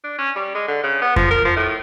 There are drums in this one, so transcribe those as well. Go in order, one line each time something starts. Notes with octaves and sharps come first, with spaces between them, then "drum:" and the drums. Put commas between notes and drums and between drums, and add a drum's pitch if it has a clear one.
D4
C#4
G3
G#3
D3
C#3
B3
F3, drum: kick F2
A#4
F3
A2